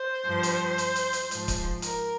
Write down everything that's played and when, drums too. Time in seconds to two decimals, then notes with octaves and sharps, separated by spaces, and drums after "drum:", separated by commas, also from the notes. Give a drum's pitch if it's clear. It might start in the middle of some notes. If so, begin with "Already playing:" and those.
Already playing: C5
0.26 G2 F3
0.43 drum: hi-hat
0.78 drum: hi-hat
0.96 drum: hi-hat
1.13 drum: hi-hat
1.31 G#2 F3, drum: hi-hat
1.48 drum: kick C#1, hi-hat
1.82 A#4, drum: hi-hat